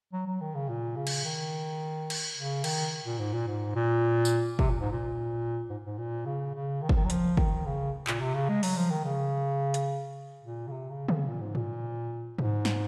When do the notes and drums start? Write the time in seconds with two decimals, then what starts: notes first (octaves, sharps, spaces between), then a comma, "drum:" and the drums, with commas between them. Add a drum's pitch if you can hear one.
0.13 F#3
0.26 F#3
0.41 D#3
0.55 C#3
0.69 A#2
0.96 C#3
1.07 drum: cymbal
1.24 D#3
2.10 drum: cymbal
2.37 C#3
2.64 D#3, drum: cymbal
3.06 A#2
3.19 G#2
3.34 A#2
3.47 G#2
3.75 A#2
4.25 drum: tambourine
4.59 C3, drum: kick
4.70 A#2
4.80 G#2
4.92 A#2
5.70 G#2
5.85 G#2
5.98 A#2
6.26 C#3
6.54 C#3
6.82 D#3
6.89 F3, drum: kick
6.96 D#3
7.05 F#3
7.10 F3, drum: hi-hat
7.37 D#3, drum: kick
7.66 C#3
8.07 A#2, drum: clap
8.21 C3
8.34 C#3
8.49 G#3
8.63 F#3, drum: open hi-hat
8.76 F3
8.91 D#3
9.05 C#3
9.74 drum: hi-hat
10.44 A#2
10.68 C#3
10.72 C3
10.90 C#3
11.09 C#3, drum: tom C#3
11.27 A#2
11.41 G#2
11.55 A#2, drum: tom G#2
12.39 G#2, drum: tom G#2
12.65 drum: snare